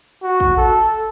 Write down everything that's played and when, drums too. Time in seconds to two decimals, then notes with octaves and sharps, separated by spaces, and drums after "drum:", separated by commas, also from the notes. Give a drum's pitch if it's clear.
0.23 F#4
0.40 drum: kick
0.57 A4